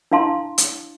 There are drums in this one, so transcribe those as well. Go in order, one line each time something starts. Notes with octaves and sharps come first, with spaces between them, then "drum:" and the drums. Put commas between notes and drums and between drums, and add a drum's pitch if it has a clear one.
D4 E4 F5 A5 C6
drum: hi-hat